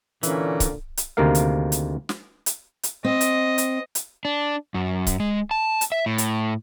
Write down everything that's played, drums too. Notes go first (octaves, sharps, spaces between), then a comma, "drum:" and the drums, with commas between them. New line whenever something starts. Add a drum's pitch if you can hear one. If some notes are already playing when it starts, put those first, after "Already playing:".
A#2 D3 E3 C#4, drum: hi-hat
drum: kick C#1, hi-hat
drum: hi-hat
D2 C3 D#3 A#3 A#4 F5
drum: hi-hat
drum: hi-hat
drum: snare
drum: hi-hat
drum: hi-hat
C4 D#5
drum: hi-hat
drum: hi-hat
drum: hi-hat
D4
F#2
drum: kick C#1, hi-hat
G#3
A5
drum: hi-hat
E5
A2
drum: hi-hat